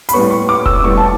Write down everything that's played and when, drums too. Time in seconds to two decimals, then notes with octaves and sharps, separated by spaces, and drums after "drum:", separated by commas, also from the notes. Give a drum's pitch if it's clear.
0.09 B5, drum: hi-hat
0.13 A2 G3 B3 C#6
0.31 C#6
0.49 D6
0.66 E6, drum: kick E1
0.83 A2 G3 B3 C#6
0.98 A5